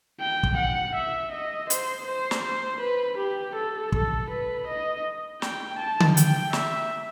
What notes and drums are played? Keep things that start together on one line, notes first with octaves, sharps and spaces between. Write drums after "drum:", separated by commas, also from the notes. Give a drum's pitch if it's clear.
G5
drum: kick
F#5
E5
D#5
C5, drum: hi-hat
C5
drum: snare
C5
B4
G4
A4
A4, drum: kick
B4
D#5
G5, drum: snare
A5
drum: tom D3
G5, drum: hi-hat
E5, drum: snare